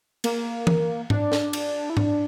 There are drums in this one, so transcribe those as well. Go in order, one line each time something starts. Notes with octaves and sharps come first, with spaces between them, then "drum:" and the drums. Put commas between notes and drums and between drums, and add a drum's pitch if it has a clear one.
A#3, drum: cymbal
drum: tom E3
D4, drum: tom G#2
drum: snare
drum: cymbal
E4
D4, drum: tom G#2